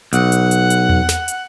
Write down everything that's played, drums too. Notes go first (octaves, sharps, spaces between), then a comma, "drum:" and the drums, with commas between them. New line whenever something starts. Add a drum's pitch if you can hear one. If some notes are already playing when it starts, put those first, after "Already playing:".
B1 F#5, drum: hi-hat
drum: hi-hat
drum: hi-hat
drum: hi-hat
drum: tom E2
drum: snare
drum: hi-hat